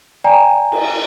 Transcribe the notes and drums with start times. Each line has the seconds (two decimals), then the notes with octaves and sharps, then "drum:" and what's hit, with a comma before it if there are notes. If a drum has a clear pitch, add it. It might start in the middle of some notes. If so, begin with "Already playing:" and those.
0.24 D5 G5 G#5 A#5
0.72 drum: cymbal